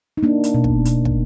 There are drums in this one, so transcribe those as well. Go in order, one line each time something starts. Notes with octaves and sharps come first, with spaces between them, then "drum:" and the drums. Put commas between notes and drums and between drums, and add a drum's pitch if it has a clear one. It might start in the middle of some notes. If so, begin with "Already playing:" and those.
D#4
A#3 D4
drum: hi-hat
B2
drum: kick
B2, drum: hi-hat
drum: kick